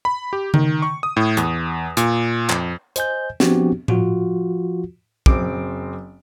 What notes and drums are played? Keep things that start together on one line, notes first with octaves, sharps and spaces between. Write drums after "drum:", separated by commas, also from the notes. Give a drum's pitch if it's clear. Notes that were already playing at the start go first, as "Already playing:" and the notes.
B5
G4
D#3, drum: tom C#3
C#6
D#6
A2
E2, drum: hi-hat
A#2, drum: hi-hat
F2, drum: clap
C5 D#5 G#5 G6, drum: hi-hat
F3 B3 C4 D4 F#4 G4, drum: snare
F3 F4 F#4, drum: tom A2
F#1 C4 D6 D7, drum: kick